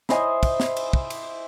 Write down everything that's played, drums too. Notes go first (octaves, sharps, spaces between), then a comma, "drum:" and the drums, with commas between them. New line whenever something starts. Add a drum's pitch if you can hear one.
E4 C5 D#5 G#5, drum: snare
drum: kick, cymbal
drum: snare
drum: cymbal
drum: kick
drum: cymbal